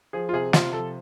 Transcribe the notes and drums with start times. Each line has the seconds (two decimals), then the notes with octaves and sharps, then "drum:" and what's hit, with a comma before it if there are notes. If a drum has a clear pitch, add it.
0.13 F3 G#4
0.29 F4
0.33 C3 G#4
0.53 C3 F4, drum: snare
0.73 F3 A4